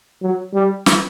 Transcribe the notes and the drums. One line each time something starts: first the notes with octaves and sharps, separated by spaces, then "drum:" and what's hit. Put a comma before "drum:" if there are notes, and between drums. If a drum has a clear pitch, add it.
F#3
G3
drum: snare